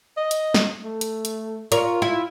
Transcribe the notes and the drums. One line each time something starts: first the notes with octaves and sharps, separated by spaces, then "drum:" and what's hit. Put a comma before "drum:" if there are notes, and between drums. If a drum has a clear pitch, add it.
D#5
drum: hi-hat
drum: snare
A3
drum: hi-hat
drum: hi-hat
F4 A#4 C#5, drum: hi-hat
E4